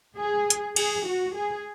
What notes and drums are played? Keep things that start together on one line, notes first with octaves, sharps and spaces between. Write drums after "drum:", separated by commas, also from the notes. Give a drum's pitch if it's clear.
G#4
drum: hi-hat
G#4, drum: cymbal
F#4
G#4